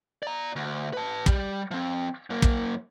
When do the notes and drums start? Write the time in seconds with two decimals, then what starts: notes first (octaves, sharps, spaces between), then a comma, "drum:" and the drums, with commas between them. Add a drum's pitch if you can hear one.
0.23 D5 A#5
0.56 D2
0.94 B4 A5
1.26 G3 G4, drum: kick
1.71 F3 C4
2.30 F#2 A#3
2.42 drum: kick